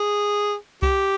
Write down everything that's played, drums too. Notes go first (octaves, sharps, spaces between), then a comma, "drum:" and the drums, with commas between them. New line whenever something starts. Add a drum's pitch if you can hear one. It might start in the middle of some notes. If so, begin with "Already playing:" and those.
Already playing: G#4
G4, drum: kick C2